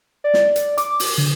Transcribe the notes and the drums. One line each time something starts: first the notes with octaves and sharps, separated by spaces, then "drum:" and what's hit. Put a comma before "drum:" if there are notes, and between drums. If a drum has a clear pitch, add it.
D5
drum: snare
drum: hi-hat
D6, drum: hi-hat
drum: open hi-hat
D3